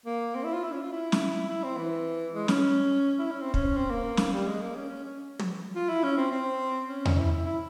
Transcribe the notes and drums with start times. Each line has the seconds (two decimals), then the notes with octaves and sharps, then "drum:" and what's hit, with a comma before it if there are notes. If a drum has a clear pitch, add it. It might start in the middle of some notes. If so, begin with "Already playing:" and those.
0.06 A#3
0.35 C4
0.44 E4
0.54 F4
0.64 E4
0.72 C#4
0.82 F4
0.92 E4
1.12 drum: snare
1.49 E4
1.63 C4
1.77 E3
2.34 G#3
2.48 C#4, drum: snare
3.19 E4
3.31 C#4
3.42 C4
3.54 C#4, drum: kick
3.77 C4
3.90 A#3
4.17 drum: snare
4.33 G3
4.47 G#3
4.61 A#3
4.75 C#4
4.90 C#4
5.05 C#4
5.39 drum: tom
5.76 F4
5.89 E4
6.03 C#4
6.18 C4
6.32 C4
6.89 C#4
7.05 drum: tom E2
7.17 E4
7.32 E4
7.46 E4